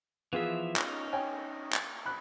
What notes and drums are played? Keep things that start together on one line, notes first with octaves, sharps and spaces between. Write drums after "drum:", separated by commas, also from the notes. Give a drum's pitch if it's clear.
E3 F3 B3 F4 G#4 E5
C#4 D#4, drum: clap
C#5 G5 G#5
drum: clap
B5 F#6